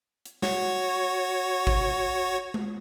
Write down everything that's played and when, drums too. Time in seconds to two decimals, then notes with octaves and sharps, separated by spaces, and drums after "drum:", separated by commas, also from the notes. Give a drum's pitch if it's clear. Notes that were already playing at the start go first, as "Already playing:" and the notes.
0.26 drum: hi-hat
0.42 F#4 C#5, drum: snare
1.67 drum: kick G#1
2.54 drum: tom G#3